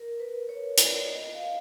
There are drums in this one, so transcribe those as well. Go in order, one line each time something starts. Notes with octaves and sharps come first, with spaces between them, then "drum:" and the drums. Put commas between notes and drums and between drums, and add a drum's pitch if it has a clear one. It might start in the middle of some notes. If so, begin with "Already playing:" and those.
Already playing: A#4
B4
C#5
D5, drum: hi-hat
D#5
F5